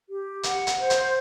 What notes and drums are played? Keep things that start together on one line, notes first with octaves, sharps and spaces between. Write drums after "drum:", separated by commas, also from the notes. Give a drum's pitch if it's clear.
G4
F#5, drum: hi-hat
drum: hi-hat
C5
drum: hi-hat